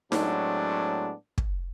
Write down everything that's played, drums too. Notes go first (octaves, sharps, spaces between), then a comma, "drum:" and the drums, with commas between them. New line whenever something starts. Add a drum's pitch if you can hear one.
A2 F#3 G#3 B3 C4 D4, drum: snare D#4
drum: kick